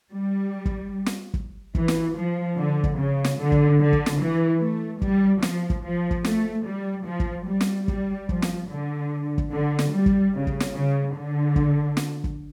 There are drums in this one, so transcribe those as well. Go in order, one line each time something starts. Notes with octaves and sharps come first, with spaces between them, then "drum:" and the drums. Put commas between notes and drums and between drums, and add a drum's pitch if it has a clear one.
G3
drum: kick
drum: snare
drum: kick
E3, drum: kick
drum: snare
F3
D3
drum: kick
C#3
drum: snare
D3
drum: kick
D3
drum: kick
drum: snare
E3
A3
G3, drum: kick
F3, drum: snare
drum: kick
F3
drum: kick
A3, drum: snare
G3
F3
drum: kick
G3
drum: snare
G3, drum: kick
F3, drum: kick
drum: snare
D3
drum: kick
D3
drum: snare
G3
drum: kick
C#3
drum: kick
drum: snare
C#3
D3
drum: kick
drum: snare
drum: kick